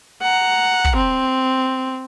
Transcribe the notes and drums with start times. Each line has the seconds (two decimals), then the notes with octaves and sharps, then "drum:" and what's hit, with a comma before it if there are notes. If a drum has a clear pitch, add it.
0.22 F#5 A#5
0.84 drum: kick
0.96 C4